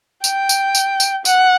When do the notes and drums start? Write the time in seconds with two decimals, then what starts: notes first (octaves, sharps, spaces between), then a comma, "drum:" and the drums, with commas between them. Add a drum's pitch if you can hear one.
0.24 G5, drum: tambourine
0.49 drum: tambourine
0.75 drum: tambourine
1.00 drum: tambourine
1.25 F#5, drum: tambourine